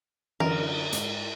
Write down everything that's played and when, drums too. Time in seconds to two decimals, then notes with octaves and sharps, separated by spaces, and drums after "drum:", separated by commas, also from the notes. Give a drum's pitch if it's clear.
0.40 F#2 D3 E3 A#4, drum: cymbal
0.92 G#2, drum: hi-hat